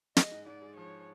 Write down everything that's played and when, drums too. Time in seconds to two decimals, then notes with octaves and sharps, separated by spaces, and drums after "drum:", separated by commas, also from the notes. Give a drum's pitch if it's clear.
0.17 G#3 D#5, drum: snare
0.31 G#2
0.46 G#2 D5
0.62 G#3
0.77 F3 C#5